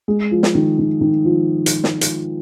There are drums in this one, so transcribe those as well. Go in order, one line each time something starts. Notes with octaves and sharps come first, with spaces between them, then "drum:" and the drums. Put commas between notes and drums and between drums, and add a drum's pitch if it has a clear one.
G#3
F3
drum: snare
D#3
D#3
D#3
F3
drum: hi-hat
drum: snare
drum: hi-hat